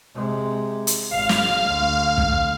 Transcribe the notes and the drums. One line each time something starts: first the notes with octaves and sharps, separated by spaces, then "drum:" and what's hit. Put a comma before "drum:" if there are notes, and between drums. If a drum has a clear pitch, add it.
C3 G#3
drum: hi-hat
G#1 F5
drum: snare
D2
drum: kick